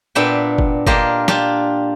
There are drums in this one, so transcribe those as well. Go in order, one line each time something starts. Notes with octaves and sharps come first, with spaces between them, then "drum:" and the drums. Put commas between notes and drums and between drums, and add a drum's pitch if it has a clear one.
A#2 B3 D4 E5 G5
drum: kick
A#3 D4 F4 G4 D#5, drum: kick
D4 F4 G4, drum: snare